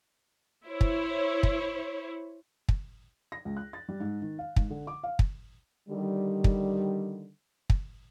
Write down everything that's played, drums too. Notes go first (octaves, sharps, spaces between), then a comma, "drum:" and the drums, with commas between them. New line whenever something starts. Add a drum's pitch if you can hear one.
E4 C5 C#5
drum: kick
drum: kick
drum: kick
A#6
C#2
F#6
A6
G3
G#2
D#3
F5
G#2, drum: kick
D3
D6
F5
drum: kick
D3 D#3 G3
drum: kick
drum: kick